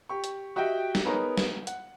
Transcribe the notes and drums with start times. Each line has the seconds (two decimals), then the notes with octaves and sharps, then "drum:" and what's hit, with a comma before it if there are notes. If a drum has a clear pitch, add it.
0.09 G4 C#6
0.24 drum: hi-hat
0.56 F#4 G4 D#5 E5 G5
0.95 drum: snare
1.05 B3 D#4 G#4 A#4 B4 C#5
1.37 drum: snare
1.67 F#5, drum: hi-hat